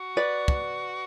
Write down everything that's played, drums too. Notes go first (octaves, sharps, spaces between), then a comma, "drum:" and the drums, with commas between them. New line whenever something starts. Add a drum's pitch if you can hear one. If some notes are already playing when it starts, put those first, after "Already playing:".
Already playing: F#4
B4 D5
drum: kick